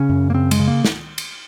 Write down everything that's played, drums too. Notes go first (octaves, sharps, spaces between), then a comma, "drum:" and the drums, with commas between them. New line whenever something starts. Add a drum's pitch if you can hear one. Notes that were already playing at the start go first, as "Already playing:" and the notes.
Already playing: C#3 C#4
F#2
A#3
C#3 C4
G#3, drum: cymbal
C#3
A#3
drum: snare
drum: cymbal